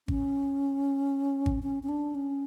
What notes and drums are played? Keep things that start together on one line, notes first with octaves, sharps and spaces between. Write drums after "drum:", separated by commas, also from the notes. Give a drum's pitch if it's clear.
C#4, drum: kick G#1
drum: kick G#1
C#4
C#4
D4
C#4